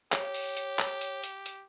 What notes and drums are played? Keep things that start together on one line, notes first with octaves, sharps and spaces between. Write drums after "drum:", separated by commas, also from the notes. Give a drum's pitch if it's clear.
G4 C#5, drum: clap
drum: open hi-hat
drum: hi-hat
drum: clap
drum: hi-hat
drum: hi-hat
drum: hi-hat